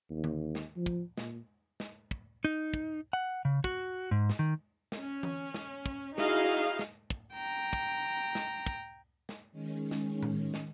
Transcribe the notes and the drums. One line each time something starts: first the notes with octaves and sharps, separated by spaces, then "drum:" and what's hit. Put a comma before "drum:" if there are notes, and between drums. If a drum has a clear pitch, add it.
D#2
drum: tom D3
drum: snare
F3
drum: kick
A#2, drum: snare
drum: snare
drum: kick
D#4
drum: kick
F#5
C#3
F#4, drum: kick
G#2
drum: snare
D#3
drum: snare
C#4
drum: tom E3
drum: snare
drum: kick
D#4 E4 F#4 G#4 D#5 F5, drum: snare
drum: snare
drum: kick
G5 A#5
drum: kick
drum: snare
drum: kick
drum: snare
D#3 G#3 C#4
drum: snare
drum: tom A2
drum: snare